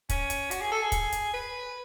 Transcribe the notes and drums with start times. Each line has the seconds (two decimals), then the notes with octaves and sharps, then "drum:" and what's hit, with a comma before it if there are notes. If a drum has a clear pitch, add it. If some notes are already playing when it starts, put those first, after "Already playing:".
0.09 C#4, drum: kick, hi-hat
0.30 drum: hi-hat
0.51 F#4, drum: hi-hat
0.61 G#4
0.71 A4
0.82 G#4
0.92 drum: kick, hi-hat
1.12 drum: hi-hat
1.34 B4